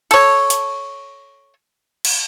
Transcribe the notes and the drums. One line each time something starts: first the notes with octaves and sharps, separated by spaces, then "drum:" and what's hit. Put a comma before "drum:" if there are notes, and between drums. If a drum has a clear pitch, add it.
A4 C#5, drum: cymbal
drum: hi-hat
drum: cymbal